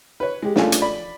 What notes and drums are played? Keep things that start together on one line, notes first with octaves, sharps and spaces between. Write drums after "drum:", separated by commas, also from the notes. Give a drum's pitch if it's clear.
B4 C#5
G#3 G4
A3 C#4 D4 F4 A4 G#5, drum: snare
drum: hi-hat
D5 B5